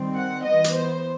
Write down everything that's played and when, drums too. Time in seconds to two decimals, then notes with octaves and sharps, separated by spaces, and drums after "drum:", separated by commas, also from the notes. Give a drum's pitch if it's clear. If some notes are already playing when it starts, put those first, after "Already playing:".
Already playing: D#3 G3 C4
0.16 F#5
0.45 E3 B3 D#5
0.64 drum: hi-hat
0.74 C5